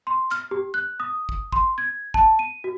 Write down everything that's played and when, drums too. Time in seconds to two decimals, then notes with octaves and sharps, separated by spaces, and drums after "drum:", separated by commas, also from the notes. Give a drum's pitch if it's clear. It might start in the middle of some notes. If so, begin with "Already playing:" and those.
0.07 C6
0.31 F6, drum: clap
0.51 G4
0.74 F#6
1.00 D#6
1.29 drum: kick
1.52 C6, drum: kick
1.78 G#6
2.14 A5, drum: kick
2.39 D#7
2.64 F#4